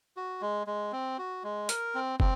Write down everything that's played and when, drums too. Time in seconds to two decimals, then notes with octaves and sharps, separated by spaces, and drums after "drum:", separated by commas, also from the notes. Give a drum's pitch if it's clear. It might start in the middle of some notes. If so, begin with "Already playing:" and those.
0.17 F#4
0.42 G#3
0.67 G#3
0.92 C4
1.18 F#4
1.44 G#3
1.69 A#4, drum: hi-hat
1.95 C4
2.20 C4, drum: kick